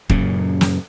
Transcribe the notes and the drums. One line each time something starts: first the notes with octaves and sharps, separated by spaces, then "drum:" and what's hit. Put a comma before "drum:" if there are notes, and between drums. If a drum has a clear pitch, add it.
F#2 A#2 C#3, drum: kick D#1
drum: snare